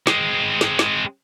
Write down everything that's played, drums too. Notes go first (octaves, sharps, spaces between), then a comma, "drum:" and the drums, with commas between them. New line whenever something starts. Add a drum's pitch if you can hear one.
G#3 C4, drum: snare
drum: snare
drum: snare